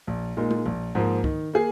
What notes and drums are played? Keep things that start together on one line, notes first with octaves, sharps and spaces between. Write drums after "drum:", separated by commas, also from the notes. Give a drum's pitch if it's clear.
A#1
A#2 G#3 D#4 A#4
drum: tom
A#1, drum: tom B2
G#2 F3 A#3
D#3, drum: kick
A#3 G#4